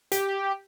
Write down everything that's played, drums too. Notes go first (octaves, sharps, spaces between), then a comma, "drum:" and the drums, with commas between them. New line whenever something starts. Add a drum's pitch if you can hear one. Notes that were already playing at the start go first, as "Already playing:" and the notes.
G4, drum: hi-hat